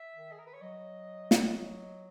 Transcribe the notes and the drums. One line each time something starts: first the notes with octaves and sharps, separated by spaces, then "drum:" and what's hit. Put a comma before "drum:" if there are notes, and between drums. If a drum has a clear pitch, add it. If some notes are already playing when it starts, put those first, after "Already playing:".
Already playing: E5
D#3
G#4
A#4
B4
C#5
F#3 D#5
drum: snare
D#5
D#5